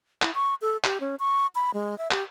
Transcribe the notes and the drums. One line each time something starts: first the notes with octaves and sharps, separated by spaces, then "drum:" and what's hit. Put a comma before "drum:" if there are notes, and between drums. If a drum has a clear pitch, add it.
E4, drum: clap
C#6
A4
G4, drum: clap
C#4
C#6
B5
G#3
E5
G4, drum: clap